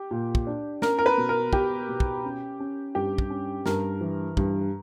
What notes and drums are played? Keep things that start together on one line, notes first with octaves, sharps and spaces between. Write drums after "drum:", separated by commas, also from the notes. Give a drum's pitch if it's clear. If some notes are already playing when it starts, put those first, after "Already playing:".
Already playing: G4
A#2
drum: kick
D4
C#4 A#4, drum: snare
A#4
B4
B2
A#4
B2 G4, drum: kick
B2
drum: kick
C#4
C#4
G2 G4
drum: kick
C#4
G2 A#4, drum: snare
E3
G2, drum: kick